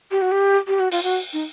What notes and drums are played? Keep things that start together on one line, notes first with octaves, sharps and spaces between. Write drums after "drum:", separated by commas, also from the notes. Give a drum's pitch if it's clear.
G4
F#4
G4
G4
F#4
F4, drum: open hi-hat
F#4
D#4